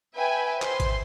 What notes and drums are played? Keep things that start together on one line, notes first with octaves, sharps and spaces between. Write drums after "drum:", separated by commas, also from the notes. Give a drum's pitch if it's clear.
B4 E5 G5 G#5
C5 C6, drum: clap
drum: kick G1, hi-hat